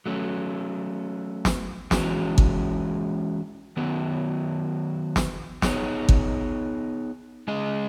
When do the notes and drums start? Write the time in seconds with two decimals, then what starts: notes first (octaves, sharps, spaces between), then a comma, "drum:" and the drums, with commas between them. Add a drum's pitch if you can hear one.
0.06 F#3 A3 C#4
1.45 drum: snare
1.91 E3 G#3 C#4 F#4, drum: snare
2.38 drum: kick
3.77 D#3 F#3 B3
5.16 drum: snare
5.62 B3 D#4 G#4 C#5, drum: snare
6.09 drum: kick
7.48 G#3 C#4 G#4 D#5